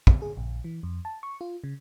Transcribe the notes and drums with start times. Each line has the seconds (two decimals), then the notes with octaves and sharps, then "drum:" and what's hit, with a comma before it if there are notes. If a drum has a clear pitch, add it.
0.07 drum: kick
0.22 G#4
0.37 A#1
0.64 E3
0.83 F2
1.05 A5
1.23 C#6
1.41 F4
1.64 C#3